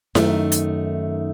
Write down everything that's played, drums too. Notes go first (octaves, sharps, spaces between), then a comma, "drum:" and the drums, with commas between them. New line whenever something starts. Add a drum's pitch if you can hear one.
F#2 D#3 A3 D#4, drum: snare E4
drum: hi-hat